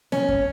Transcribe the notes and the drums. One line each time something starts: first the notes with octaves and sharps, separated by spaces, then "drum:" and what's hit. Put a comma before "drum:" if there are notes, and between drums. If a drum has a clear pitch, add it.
C#4, drum: snare
drum: kick F#2